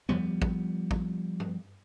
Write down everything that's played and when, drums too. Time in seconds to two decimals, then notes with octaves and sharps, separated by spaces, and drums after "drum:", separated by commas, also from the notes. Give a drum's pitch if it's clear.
0.09 F3 G3 B3, drum: tom
0.42 drum: kick
0.91 drum: kick
1.40 drum: tom G2